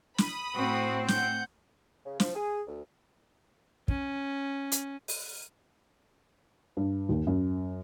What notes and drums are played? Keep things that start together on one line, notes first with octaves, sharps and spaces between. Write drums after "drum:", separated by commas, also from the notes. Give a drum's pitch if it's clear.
B5 D#6, drum: snare
A2 C4 F#4
F#5 G6, drum: snare
C#3
F3, drum: snare
G#4
D2
C#4, drum: kick
drum: hi-hat
drum: open hi-hat
G2
D#2
F#2